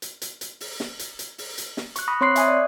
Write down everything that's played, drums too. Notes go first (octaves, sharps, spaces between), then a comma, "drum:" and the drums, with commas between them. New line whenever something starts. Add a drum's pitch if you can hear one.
drum: hi-hat
drum: hi-hat
drum: hi-hat
drum: open hi-hat
drum: snare
drum: hi-hat
drum: hi-hat
drum: open hi-hat
drum: hi-hat
drum: snare
C#6 F#6, drum: hi-hat
B5 C#6 D#6 A#6
C4 C#5 C6 C#6 F#6 C7
E5 G#5 D#6, drum: hi-hat
D5